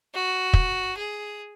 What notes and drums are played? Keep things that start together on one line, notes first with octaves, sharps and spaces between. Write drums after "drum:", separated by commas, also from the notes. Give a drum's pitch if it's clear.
F#4
drum: kick
G#4